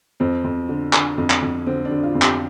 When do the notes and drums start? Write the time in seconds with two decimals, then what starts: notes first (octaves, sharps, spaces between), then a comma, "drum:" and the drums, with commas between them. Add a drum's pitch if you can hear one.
0.20 F2 C4
0.44 F2
0.69 D3
0.93 D3, drum: clap
1.18 F2
1.30 drum: clap
1.42 F2
1.67 D3 C4
1.85 D4
1.91 D3
2.03 F4
2.15 F2
2.22 G4, drum: clap